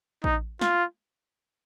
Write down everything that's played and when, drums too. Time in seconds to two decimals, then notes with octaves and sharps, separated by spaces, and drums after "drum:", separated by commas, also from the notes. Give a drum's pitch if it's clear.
0.24 D#4, drum: kick A1
0.61 F4, drum: snare